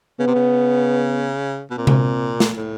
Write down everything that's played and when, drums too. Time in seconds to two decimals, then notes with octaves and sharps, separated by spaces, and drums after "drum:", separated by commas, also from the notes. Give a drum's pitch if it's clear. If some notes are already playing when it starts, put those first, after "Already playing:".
0.19 C#3 B3
0.27 C3
0.35 C#3
1.70 B2
1.77 A#2 C4
1.87 drum: tom C3
2.40 drum: snare
2.57 A2